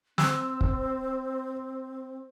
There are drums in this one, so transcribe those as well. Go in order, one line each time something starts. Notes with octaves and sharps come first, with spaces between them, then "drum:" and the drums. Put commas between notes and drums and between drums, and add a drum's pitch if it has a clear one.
C4 E6, drum: snare
drum: kick